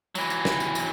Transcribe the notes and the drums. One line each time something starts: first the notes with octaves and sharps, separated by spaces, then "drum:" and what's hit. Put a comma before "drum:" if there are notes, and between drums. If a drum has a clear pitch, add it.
E3 F#3, drum: tambourine
drum: tambourine
drum: snare
drum: tambourine
drum: tambourine